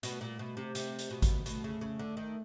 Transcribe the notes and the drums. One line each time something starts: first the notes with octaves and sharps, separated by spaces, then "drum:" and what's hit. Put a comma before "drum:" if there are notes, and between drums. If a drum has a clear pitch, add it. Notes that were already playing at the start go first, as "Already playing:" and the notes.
B2 A3, drum: hi-hat
A#2
B2
C3
C3, drum: hi-hat
drum: hi-hat
B2
drum: kick G#1, hi-hat
B2 A3, drum: hi-hat
C#3
C#3
D3
D#3